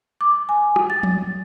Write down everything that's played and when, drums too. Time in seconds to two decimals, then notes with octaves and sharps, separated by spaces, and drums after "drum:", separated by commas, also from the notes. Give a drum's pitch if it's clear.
0.21 D6
0.49 G#5
0.76 drum: rim click
0.90 A6
1.03 drum: tom F3